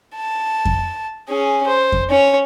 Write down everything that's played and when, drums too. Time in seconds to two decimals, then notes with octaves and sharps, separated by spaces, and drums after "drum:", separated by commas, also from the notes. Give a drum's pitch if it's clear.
0.16 A5
0.65 drum: kick F2
1.29 C#4 G#4
1.67 C5
1.92 drum: kick F2
2.10 C#4 C#5